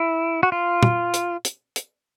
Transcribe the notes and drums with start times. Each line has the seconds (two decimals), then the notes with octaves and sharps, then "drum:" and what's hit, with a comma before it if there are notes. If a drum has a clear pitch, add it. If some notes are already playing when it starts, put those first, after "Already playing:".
Already playing: E4
0.43 F#4
0.52 F4
0.83 drum: tom
1.14 drum: hi-hat
1.45 drum: hi-hat
1.76 drum: hi-hat